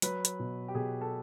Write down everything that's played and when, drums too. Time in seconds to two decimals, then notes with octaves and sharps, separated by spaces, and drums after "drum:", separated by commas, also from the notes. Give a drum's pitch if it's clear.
0.02 F#3 B4, drum: hi-hat
0.25 drum: hi-hat
0.39 B2
0.68 G4
0.75 B2 G#4
1.01 A4